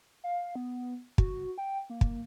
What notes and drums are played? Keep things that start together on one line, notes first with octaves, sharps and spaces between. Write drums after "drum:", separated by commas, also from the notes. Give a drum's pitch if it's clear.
F5
B3
F#4, drum: kick
G5
A#3
drum: kick